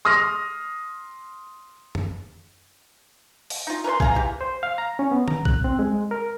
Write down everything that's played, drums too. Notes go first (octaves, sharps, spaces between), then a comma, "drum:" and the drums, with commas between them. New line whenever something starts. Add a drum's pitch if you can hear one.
C6 D#6 F6 A#6
drum: tom F#2
drum: open hi-hat
D#4 F4
A#4 B4 C#5 C6
G#4 F5 A#5, drum: kick A#1
E3 G4
C5
F5
A#5
C#4
B3
A#5, drum: tom D#3
F#6, drum: kick A#1
C4
G#3
A#4